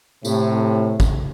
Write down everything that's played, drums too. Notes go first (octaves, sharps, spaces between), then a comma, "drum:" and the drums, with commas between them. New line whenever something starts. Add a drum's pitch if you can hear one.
A2 C3, drum: tambourine
drum: kick, tambourine